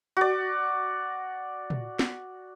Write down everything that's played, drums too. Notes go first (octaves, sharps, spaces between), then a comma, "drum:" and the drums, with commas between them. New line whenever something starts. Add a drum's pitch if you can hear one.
F#4 D5
drum: tom
drum: snare